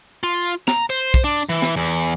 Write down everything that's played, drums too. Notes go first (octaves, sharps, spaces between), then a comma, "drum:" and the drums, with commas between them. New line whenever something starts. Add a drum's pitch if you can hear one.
F4
drum: tambourine
A#5, drum: snare
C5, drum: tambourine
drum: kick, tambourine
D4
drum: tambourine
E3
drum: snare
E2
drum: tambourine